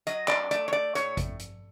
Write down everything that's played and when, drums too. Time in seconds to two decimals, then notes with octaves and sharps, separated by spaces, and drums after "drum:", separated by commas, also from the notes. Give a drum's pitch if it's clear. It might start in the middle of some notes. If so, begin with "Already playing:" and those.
0.07 F#3 D#5, drum: hi-hat
0.28 D5, drum: clap
0.51 A3 D5, drum: hi-hat
0.68 C#5
0.73 D5
0.95 A2 C#5, drum: hi-hat
1.17 drum: kick, hi-hat
1.39 drum: hi-hat